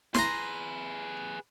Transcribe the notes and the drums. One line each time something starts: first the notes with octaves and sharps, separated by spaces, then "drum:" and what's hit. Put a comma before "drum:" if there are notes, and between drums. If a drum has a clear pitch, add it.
G#4 B4 A#5 C6, drum: snare